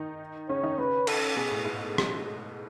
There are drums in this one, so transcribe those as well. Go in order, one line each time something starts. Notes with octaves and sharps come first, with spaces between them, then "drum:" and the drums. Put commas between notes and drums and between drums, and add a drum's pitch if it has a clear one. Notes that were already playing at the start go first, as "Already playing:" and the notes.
Already playing: D#3 D#4
C#3 C#4 C#5
D#3 D#4
C#3 C#4 B4
A4, drum: cymbal
B2 B3 G#4
A2 A3
G#2 G#3
drum: rim click